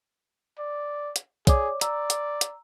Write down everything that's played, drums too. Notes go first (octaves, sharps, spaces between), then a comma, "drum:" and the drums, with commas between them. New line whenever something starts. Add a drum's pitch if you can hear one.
D5
drum: hi-hat
G#4 C#5 D5 D6, drum: kick, hi-hat
D5 A#5 E6, drum: hi-hat
drum: hi-hat
drum: hi-hat